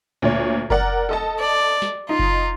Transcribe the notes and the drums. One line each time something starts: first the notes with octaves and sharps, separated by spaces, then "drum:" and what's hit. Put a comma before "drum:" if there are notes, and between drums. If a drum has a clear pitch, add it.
D2 A#2 C#5
A#4 D5 F#5, drum: kick F#1
A4 D#5 A5
D5
drum: snare
D#4 F4
drum: kick F#1